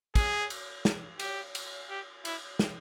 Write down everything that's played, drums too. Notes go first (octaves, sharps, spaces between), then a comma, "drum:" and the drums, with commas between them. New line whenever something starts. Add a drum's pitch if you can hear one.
G#4, drum: kick, cymbal
drum: cymbal
drum: snare
G4, drum: cymbal
drum: cymbal
G4
E4, drum: cymbal
drum: snare